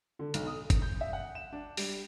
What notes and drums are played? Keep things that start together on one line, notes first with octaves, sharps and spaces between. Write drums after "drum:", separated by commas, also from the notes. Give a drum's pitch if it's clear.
D3
B1, drum: hi-hat
D#6
drum: kick, hi-hat
G6
E5
F#5
E7
D4
G3, drum: open hi-hat